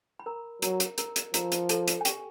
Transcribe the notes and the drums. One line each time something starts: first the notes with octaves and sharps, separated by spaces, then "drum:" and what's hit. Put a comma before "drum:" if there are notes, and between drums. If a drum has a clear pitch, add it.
B5
A#4 A#5
F#3 A#4 A#5, drum: hi-hat
drum: hi-hat
A#4 A#5, drum: hi-hat
drum: hi-hat
F3 A#4 A#5, drum: hi-hat
drum: hi-hat
A4 A5, drum: hi-hat
drum: hi-hat
G#5
G4 G5, drum: hi-hat